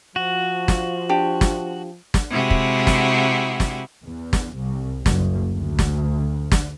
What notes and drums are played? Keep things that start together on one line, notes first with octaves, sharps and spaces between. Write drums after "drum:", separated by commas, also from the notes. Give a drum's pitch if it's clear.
F3 F#4
drum: snare
D4 G4
drum: snare
drum: snare
C3 G#3 E4 F#4 G4
drum: kick
drum: snare
drum: snare
E2
drum: snare
C2
F#1, drum: snare
D2
drum: snare
drum: snare